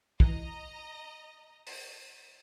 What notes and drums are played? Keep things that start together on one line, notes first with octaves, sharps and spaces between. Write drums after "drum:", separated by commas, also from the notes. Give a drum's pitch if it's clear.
E3 D#5 A#5, drum: kick
drum: open hi-hat